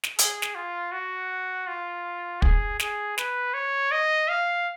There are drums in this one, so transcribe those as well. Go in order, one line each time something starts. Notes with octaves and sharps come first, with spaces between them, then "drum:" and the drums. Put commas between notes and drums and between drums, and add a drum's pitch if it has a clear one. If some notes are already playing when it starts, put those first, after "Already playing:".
drum: snare
G#4, drum: hi-hat
drum: snare
F4
F#4
F4
G#4, drum: kick
G#4, drum: snare
B4, drum: snare
C#5
D#5
F5